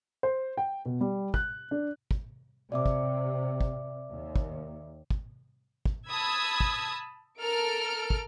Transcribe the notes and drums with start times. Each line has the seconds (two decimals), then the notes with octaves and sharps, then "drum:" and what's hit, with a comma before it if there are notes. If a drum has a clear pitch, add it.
0.23 C5
0.57 G5
0.86 B2
1.01 G3
1.34 F#6, drum: kick
1.71 D4
2.11 drum: kick
2.72 C3 D5 E5 D6
2.86 drum: kick
3.61 drum: kick
4.12 D#2
4.36 drum: kick
5.11 drum: kick
5.85 drum: kick
6.09 A5 B5 D#6 E6 G#6
6.60 drum: kick
7.40 A4 A#4 F6 D7
8.10 drum: kick